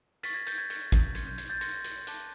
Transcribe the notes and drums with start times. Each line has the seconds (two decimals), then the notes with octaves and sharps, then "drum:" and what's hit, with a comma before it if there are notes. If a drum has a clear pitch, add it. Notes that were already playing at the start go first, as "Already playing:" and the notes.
0.23 C#6 F6 A6 B6, drum: hi-hat
0.34 G#6 A#6
0.47 G6 A6, drum: hi-hat
0.58 G#6
0.70 C#6 F6, drum: hi-hat
0.92 drum: kick G#1, hi-hat
1.15 C6 F6 G#6, drum: hi-hat
1.27 G6
1.38 G#6, drum: hi-hat
1.50 G6 A6
1.61 C6 F6 G#6 A#6, drum: hi-hat
1.84 drum: hi-hat
2.07 A5 D6 F#6, drum: hi-hat